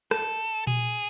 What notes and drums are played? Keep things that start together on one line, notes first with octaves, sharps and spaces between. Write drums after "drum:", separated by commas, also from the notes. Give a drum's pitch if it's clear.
A4, drum: rim click
G#4, drum: tom A#2